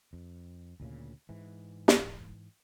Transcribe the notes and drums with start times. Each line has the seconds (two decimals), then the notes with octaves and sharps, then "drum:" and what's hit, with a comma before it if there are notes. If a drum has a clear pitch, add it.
0.13 F2
0.80 D2 A#2 C#3
1.29 G#2 E3
1.88 drum: snare